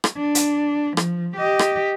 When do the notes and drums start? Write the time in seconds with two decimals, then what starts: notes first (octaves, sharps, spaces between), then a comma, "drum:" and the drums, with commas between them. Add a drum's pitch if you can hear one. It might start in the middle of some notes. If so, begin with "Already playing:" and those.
0.04 drum: rim click
0.17 D4
0.35 drum: hi-hat
0.97 F3, drum: rim click
1.37 G4 D#5
1.59 drum: rim click